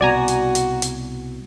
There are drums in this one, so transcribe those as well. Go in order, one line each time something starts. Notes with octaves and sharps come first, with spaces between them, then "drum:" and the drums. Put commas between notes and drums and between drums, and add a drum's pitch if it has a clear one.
C2 B2 F#4 D5 G#5 A#5
drum: hi-hat
drum: hi-hat
drum: hi-hat